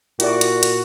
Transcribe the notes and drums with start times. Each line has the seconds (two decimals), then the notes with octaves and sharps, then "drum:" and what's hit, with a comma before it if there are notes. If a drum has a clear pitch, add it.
0.20 A#2 E4 F#4 G4 D5, drum: hi-hat
0.41 drum: hi-hat
0.63 drum: hi-hat